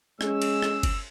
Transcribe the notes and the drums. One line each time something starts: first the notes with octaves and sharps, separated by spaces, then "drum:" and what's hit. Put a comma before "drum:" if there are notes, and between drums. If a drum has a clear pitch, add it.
G#3 C#4 E6, drum: rim click
drum: cymbal
drum: rim click
drum: kick G1, cymbal